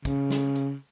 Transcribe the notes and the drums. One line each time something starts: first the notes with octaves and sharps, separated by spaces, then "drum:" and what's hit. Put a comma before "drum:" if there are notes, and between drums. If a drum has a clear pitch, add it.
C#3, drum: kick, hi-hat
drum: snare
drum: hi-hat